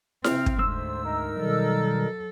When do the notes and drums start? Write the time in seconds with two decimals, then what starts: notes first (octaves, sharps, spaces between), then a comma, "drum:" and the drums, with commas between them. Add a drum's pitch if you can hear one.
0.24 C3 C4 F6, drum: snare E4
0.46 drum: kick
0.59 D2 G#2 C5 E6
1.05 D#4 A#4
1.38 B2 D#3 F#3 G3 A4